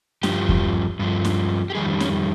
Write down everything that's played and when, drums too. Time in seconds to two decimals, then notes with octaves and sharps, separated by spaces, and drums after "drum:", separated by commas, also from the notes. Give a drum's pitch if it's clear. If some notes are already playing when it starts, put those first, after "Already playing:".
0.23 G2 F3 G4, drum: snare
0.49 drum: kick E2
0.99 G2 F3
1.25 drum: snare
1.70 G4
1.75 F2 D#3 G3 G#4
2.00 C#4, drum: snare